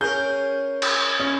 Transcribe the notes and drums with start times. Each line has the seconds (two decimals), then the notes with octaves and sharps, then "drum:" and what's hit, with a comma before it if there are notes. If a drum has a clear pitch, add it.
0.01 C#4 G#4 A#4 G6
0.82 drum: cymbal
1.20 C#4